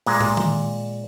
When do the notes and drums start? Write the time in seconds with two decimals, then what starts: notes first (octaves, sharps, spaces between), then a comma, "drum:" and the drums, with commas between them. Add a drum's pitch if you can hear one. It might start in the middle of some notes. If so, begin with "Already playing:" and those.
0.06 A#2 G#3, drum: open hi-hat
0.21 drum: tom
0.37 drum: tom D#3